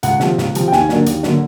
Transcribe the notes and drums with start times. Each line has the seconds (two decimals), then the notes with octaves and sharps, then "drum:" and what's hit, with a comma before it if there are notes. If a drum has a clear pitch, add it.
0.03 C#2 F#5, drum: hi-hat
0.20 C3 F3, drum: snare
0.38 C#2, drum: snare
0.55 C3 F3, drum: hi-hat
0.68 G5
0.72 D#2 G#5, drum: snare
0.89 D3 F#3 A#3 D4, drum: snare
1.06 D#2, drum: hi-hat
1.23 D3 F#3 A#3 D4, drum: snare